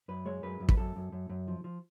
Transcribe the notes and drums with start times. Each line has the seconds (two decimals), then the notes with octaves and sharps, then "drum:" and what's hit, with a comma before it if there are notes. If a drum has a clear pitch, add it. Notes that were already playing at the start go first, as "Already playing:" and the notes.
0.08 F#2 B4
0.25 G#3 C#5
0.43 F#2 B4
0.60 F#2
0.69 B4, drum: kick
0.77 F#2 A4
0.96 F#2
1.12 F#2
1.29 F#2
1.48 F3
1.64 F3